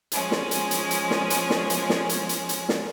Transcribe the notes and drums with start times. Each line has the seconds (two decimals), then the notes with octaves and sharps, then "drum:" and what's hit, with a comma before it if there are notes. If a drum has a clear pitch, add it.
0.12 F3 G#3 C#4, drum: hi-hat
0.31 drum: snare
0.51 drum: hi-hat
0.71 drum: hi-hat
0.91 drum: hi-hat
1.10 drum: snare
1.30 drum: hi-hat
1.50 drum: snare
1.70 drum: hi-hat
1.90 drum: snare
2.09 drum: hi-hat
2.29 drum: hi-hat
2.49 drum: hi-hat
2.69 drum: snare